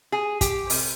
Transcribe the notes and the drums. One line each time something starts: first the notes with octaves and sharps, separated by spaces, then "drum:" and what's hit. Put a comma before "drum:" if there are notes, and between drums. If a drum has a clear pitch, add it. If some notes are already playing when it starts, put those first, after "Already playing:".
G#4
G4, drum: kick, hi-hat
C3 G3, drum: open hi-hat